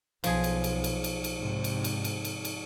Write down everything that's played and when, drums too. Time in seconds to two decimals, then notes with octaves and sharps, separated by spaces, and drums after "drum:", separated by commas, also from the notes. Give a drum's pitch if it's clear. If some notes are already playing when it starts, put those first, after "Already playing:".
0.24 B1 F3 G#4, drum: cymbal
0.44 drum: cymbal
0.64 drum: cymbal
0.84 drum: cymbal
1.04 drum: cymbal
1.24 drum: cymbal
1.36 G#2 C3
1.64 drum: cymbal
1.84 drum: cymbal
2.04 drum: cymbal
2.25 drum: cymbal
2.45 drum: cymbal